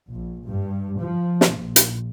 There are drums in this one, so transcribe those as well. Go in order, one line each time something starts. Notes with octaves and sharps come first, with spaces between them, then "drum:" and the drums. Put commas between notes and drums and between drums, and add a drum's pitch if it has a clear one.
A#1
G2
F3
drum: snare
A#1
drum: hi-hat